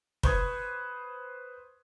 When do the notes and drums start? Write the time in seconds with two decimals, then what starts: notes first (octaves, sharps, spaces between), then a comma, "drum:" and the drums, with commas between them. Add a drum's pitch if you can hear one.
0.23 B4 C5 C#6 D#6 G#6, drum: kick